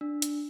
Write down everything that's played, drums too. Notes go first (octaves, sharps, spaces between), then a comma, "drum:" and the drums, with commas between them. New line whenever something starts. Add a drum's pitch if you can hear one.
D4
drum: hi-hat